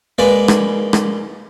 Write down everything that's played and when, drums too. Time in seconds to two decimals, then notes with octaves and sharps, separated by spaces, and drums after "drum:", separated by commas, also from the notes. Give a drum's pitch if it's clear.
0.18 G#3 A#3 B4 D5
0.48 drum: rim click
0.93 drum: rim click